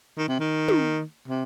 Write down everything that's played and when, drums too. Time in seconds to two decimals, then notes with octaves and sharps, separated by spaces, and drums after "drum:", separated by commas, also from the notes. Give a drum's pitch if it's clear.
0.18 D#3
0.28 C3
0.39 D#3
0.69 drum: tom
1.28 C3